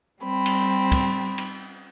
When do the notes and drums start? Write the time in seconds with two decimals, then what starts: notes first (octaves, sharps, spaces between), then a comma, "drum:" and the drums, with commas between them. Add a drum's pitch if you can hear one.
0.23 G3 C4 B5
0.46 drum: cymbal
0.92 drum: kick, cymbal
1.38 drum: cymbal